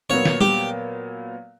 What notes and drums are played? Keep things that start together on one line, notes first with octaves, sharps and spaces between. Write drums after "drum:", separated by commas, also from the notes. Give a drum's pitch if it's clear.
A#2 F#3 B3 C#5
drum: snare
G4, drum: tom G3